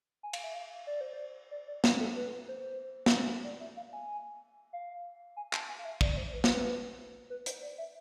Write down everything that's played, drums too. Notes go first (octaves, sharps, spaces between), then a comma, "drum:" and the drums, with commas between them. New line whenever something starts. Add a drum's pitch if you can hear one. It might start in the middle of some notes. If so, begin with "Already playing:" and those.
G#5
F5, drum: cymbal
E5
F5
D5
C5
D5
D5
D5
C5, drum: snare
A4
B4
C5
drum: snare
D5
E5
F5
G#5
F5
G#5
A5, drum: clap
G#5
F5
E5
D5, drum: kick
D5
C5
B4
C5, drum: snare
B4
B4
C5, drum: hi-hat
D5
E5